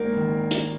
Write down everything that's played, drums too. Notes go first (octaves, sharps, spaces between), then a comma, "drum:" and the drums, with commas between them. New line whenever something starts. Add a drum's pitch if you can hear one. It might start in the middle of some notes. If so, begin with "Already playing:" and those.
Already playing: G#1 A#3 A#4
D#3
drum: hi-hat